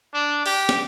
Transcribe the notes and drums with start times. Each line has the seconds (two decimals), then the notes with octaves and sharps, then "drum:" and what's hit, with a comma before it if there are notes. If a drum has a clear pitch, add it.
0.13 D4
0.46 G4, drum: open hi-hat
0.69 drum: snare